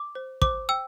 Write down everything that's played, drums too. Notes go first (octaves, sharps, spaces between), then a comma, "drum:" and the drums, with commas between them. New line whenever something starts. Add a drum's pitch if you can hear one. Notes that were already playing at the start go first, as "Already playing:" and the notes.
Already playing: D6
C5
C5 D6, drum: kick
G5 E6